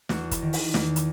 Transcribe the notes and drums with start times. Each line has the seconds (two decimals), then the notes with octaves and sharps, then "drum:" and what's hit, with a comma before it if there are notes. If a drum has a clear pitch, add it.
0.09 E2 F#4, drum: snare
0.31 drum: kick, hi-hat
0.42 D#3
0.53 drum: open hi-hat
0.74 E2, drum: snare
0.96 drum: hi-hat